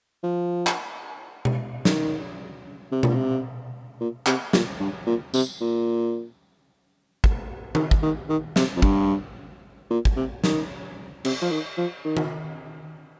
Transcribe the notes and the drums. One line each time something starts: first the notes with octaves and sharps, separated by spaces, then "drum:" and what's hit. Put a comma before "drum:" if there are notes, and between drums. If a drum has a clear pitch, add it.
F3
drum: clap
drum: tom B2
D#3, drum: snare
C3
A#2, drum: tom B2
C3
A#2
C3, drum: clap
A#2, drum: snare
G2
A#2
C3, drum: tambourine
A#2
drum: kick
D#3, drum: tom D#3
drum: kick
D#3
D#3
C3, drum: snare
F2
G2, drum: kick
A#2
drum: kick
C3
D#3, drum: snare
C3, drum: cymbal
F3
D#3
F3
D#3
drum: tom D#3